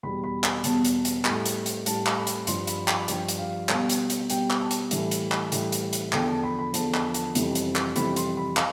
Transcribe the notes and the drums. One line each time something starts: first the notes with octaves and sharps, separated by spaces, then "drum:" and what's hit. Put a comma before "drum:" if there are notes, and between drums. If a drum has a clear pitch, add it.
E2 B2 G3 B5
B5
B5, drum: clap
E2 B2 G3 A5, drum: hi-hat
drum: hi-hat
drum: hi-hat
A2 G3, drum: clap
drum: hi-hat
drum: hi-hat
A2 G3 A5, drum: hi-hat
drum: clap
B5
drum: hi-hat
G2 F3 C6, drum: hi-hat
B5, drum: hi-hat
B5, drum: clap
G2 F3 G5, drum: hi-hat
drum: hi-hat
F5
B2 G3, drum: clap
drum: hi-hat
drum: hi-hat
B2 G3 G5, drum: hi-hat
drum: clap
A5
drum: hi-hat
A2 E3 G3, drum: hi-hat
drum: hi-hat
drum: clap
A2 E3 G3, drum: hi-hat
drum: hi-hat
drum: hi-hat
E2 D3 F3 G5, drum: clap
A5
B5
B5
E2 D3 F3 A5, drum: hi-hat
A5, drum: clap
A5, drum: hi-hat
F2 C3 E3 G3, drum: hi-hat
drum: hi-hat
drum: clap
F2 C3 E3 G3 B5, drum: hi-hat
C6, drum: hi-hat
B5
F5, drum: clap